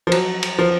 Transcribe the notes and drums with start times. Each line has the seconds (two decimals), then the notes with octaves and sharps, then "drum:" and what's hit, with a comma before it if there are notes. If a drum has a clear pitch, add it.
0.07 F3
0.12 F#3, drum: cymbal
0.43 drum: cymbal
0.59 F3